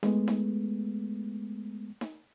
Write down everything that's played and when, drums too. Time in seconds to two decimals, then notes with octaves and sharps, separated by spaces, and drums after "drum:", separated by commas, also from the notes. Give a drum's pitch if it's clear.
0.03 G#3 A3 B3, drum: snare D#4
0.28 drum: snare D#4
2.01 drum: snare D#4